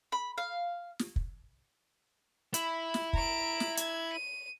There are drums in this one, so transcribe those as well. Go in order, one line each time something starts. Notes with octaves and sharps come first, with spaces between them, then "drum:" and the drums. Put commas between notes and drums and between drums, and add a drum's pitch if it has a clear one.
B5
F5
drum: snare
drum: kick
E4 B5, drum: hi-hat
drum: snare
A#5 D7, drum: kick
drum: snare
G#6, drum: hi-hat
D#7